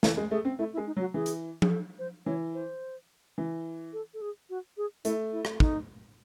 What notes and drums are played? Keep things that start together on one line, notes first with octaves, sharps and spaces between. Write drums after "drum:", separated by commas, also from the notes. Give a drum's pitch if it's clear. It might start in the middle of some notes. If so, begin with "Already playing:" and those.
E3 A4, drum: snare
G#3
A3 G#4
C4
A3 E4
E4
G#3
D#4
F#3
F#4
E3 G#4
drum: hi-hat
G#4, drum: tom F3
A4
C5
E3 C#5
C5
E3
A4
A4
G#4
F#4
G#4
A3 E4, drum: hi-hat
E4
drum: rim click
D#4, drum: kick